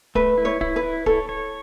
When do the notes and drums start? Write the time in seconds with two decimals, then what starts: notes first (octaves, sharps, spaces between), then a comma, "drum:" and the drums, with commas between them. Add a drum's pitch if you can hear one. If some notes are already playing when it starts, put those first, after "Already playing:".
0.15 A3 B4, drum: kick D1
0.38 E4
0.45 C#5
0.61 E4, drum: kick D1
0.76 B4
0.83 E4
1.06 A4 C#5, drum: kick D1
1.29 C#5